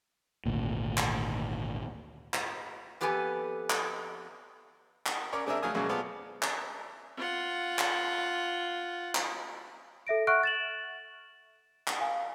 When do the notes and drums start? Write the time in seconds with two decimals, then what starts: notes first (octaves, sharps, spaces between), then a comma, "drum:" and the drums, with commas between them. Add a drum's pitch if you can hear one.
0.46 G#1 D2 A#2
0.97 drum: clap
2.34 drum: clap
3.01 F2 B3 G4 A4 B4 G#5
3.70 drum: clap
5.06 drum: clap
5.32 C#4 A#4 C#5 D5
5.46 G#3 C4 D4 G#4 A#4 E5
5.63 D2 F#3 G#4 F5 G#5 D#6
5.74 C#2 F#2 B2 F#3 G#3 A#3
5.89 G#3 B3 F4 A4 C5 D5
6.42 drum: clap
7.17 F4 F#5
7.79 drum: clap
9.15 drum: clap
10.07 A4 E5 A#6 D7
10.27 E5 F#5 C#6 F6 F#6 D7
10.43 A6 E7 F#7
11.87 drum: clap
12.01 F5 G#5